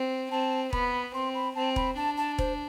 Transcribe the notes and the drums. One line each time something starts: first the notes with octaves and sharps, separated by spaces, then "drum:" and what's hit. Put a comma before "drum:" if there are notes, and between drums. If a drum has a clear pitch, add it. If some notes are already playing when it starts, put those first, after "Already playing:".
Already playing: C4
C4 A5
B3 B5, drum: kick
C4 C6
B5
C4 A5
B5, drum: kick
D4 A5
A5
C5, drum: kick